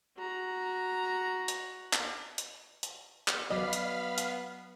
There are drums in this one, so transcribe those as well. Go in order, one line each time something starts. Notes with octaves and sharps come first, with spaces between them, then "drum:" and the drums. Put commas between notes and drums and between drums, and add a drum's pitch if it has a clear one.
F#4 A#5
drum: hi-hat
drum: clap
drum: hi-hat
drum: hi-hat
drum: clap
F#3 B3 D5 D#5 F5 B5 F6
drum: hi-hat
drum: hi-hat